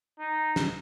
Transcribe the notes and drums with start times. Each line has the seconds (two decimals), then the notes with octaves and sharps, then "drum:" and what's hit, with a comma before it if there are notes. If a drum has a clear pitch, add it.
0.19 D#4
0.56 drum: snare